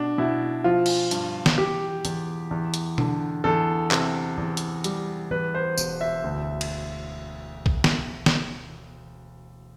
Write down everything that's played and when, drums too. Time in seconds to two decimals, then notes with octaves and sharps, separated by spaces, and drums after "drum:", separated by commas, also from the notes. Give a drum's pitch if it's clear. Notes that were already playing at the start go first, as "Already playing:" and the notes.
Already playing: B2 D4
0.18 B2 E4
0.64 F3 F4
0.86 drum: cymbal
1.11 G2, drum: hi-hat
1.46 drum: snare
1.58 E2 G4
2.05 E2, drum: hi-hat
2.51 E2
2.74 drum: hi-hat
2.98 D3, drum: tom B2
3.44 E2 A4
3.91 C3, drum: clap
4.38 E2
4.57 drum: hi-hat
4.84 G3, drum: hi-hat
5.31 E2 B4
5.55 C5
5.78 E1, drum: tambourine
6.01 E5
6.24 D2
6.61 drum: cymbal
7.66 drum: kick A#1
7.84 drum: snare
8.26 drum: snare